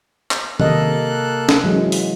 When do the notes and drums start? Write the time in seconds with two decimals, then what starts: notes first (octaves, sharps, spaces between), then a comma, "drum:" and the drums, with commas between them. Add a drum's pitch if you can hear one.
0.31 drum: clap
0.60 C3 A#3 A4 D#5 F#6, drum: tom D#3
1.49 drum: snare
1.64 E3 F#3 G#3
1.92 drum: open hi-hat